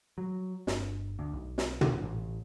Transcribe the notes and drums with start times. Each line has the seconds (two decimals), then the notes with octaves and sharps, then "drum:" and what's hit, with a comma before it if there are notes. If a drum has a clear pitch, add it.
0.18 F#3
0.67 G1, drum: snare
1.19 D2
1.33 B1
1.58 drum: snare
1.81 D1, drum: tom
2.02 A1